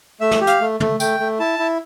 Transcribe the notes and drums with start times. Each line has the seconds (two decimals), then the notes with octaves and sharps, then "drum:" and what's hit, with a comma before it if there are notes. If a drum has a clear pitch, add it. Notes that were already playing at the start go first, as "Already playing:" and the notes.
0.21 A3 E5
0.31 drum: snare
0.40 G4
0.47 F5, drum: hi-hat
0.61 A3
0.80 A3, drum: tom
1.00 A3 G5, drum: tambourine
1.20 A3
1.39 E4 A5
1.59 E4